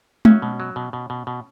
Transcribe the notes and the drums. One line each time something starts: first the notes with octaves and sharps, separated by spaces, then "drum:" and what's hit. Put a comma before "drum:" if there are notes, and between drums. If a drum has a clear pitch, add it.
F#3 C#4, drum: tom G#3
B2
F#3
B2
B2
B2
B2